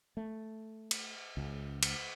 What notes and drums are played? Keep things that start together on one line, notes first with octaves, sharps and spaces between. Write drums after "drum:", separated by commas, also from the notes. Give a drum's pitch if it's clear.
A3
drum: cymbal
C#2
drum: cymbal